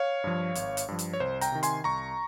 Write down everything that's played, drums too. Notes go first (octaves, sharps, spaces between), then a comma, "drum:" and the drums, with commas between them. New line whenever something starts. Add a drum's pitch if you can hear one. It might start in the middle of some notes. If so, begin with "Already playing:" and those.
Already playing: C#5 F5
G2 F3
G#1, drum: hi-hat
drum: hi-hat
G2 F3
drum: hi-hat
C#5
C2 C5
G5 A#5, drum: hi-hat
C3 D#3
G#5 C6, drum: hi-hat
C2 A#5 C#6